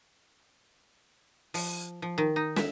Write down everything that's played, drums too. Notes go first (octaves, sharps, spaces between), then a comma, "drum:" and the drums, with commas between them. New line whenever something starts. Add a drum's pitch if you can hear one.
F3, drum: open hi-hat
F3
D#3
D#4
E5, drum: snare